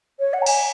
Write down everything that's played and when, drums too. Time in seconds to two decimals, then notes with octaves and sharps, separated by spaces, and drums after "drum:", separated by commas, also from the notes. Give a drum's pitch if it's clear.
0.19 C#5
0.33 F#5
0.42 A#5
0.46 G#5, drum: cymbal